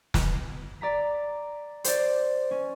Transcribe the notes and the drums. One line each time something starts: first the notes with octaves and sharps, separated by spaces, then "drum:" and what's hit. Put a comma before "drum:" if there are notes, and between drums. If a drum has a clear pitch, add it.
drum: snare
D5 A#5 B6
C5 D5, drum: hi-hat
C#4